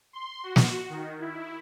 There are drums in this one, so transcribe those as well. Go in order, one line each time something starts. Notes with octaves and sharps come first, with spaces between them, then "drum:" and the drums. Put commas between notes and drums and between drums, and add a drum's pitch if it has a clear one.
C6
F#4
drum: snare
D#3
E4